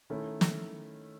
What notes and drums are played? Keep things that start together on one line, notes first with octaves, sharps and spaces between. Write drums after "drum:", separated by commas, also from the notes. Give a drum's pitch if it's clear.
D#3 A3 C#4 E4 A4
drum: snare